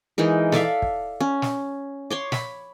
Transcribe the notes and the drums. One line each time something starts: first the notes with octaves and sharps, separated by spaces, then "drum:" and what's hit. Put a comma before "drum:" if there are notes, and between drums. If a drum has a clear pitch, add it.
E3 G#3 D#4 A#4
A4 D5 E5 F5, drum: snare
drum: kick
C#4
drum: snare
C#5 C6 D6
B5, drum: snare